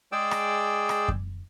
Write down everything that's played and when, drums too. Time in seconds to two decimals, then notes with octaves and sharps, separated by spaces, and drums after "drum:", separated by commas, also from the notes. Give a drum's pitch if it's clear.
0.12 G#3 G#4 D5 G5 D6 E6
0.31 drum: rim click
0.89 drum: rim click
1.08 drum: kick F#2